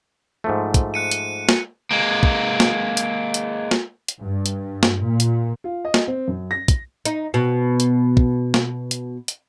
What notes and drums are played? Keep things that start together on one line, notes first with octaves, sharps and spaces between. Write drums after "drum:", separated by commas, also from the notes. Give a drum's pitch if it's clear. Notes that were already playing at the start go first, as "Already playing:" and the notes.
G#2 F3 A3
drum: kick, hi-hat
F#6 C#7 D#7
drum: hi-hat
drum: snare
G#3 A#3
drum: kick
drum: snare
drum: hi-hat
drum: hi-hat
drum: snare
drum: hi-hat
G2
drum: hi-hat
drum: snare
A#2
drum: hi-hat
F4
D#5
drum: snare
C4
F#2
A#6
drum: kick, hi-hat
D#4, drum: hi-hat
B2
drum: hi-hat
drum: kick
drum: snare
drum: hi-hat
drum: hi-hat